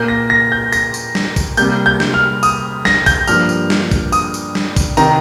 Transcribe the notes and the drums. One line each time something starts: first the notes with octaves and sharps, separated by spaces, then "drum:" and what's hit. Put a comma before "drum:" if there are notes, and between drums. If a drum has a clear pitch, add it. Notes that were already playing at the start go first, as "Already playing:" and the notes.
Already playing: A#2 A#3 G6
A#6
A#6
G6
A#6, drum: tambourine
drum: tambourine
drum: snare
drum: kick, tambourine
C3 G3 A#3 G6, drum: tambourine
G6
drum: snare
F6
D#6, drum: tambourine
A#6, drum: snare
G6, drum: kick, tambourine
G2 F3 A#3 F6, drum: tambourine
drum: tambourine
drum: snare
drum: kick, tambourine
D#6, drum: tambourine
drum: tambourine
drum: snare
drum: kick, tambourine
C3 D#3 A#5, drum: tambourine